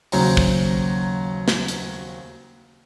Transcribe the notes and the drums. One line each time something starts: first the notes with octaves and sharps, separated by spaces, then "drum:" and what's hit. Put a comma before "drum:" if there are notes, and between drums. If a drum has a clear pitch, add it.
D#2 C#3 F#3 C5 A#5, drum: open hi-hat
drum: kick
drum: snare
drum: hi-hat